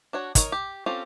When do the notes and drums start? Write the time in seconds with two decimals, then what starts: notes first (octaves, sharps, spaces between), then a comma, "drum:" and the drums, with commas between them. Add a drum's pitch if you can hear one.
0.13 D4 F#4 C#5
0.35 D#4 A#4 C#5, drum: kick, hi-hat
0.52 G4
0.86 C4 C#4 F4 G4 A4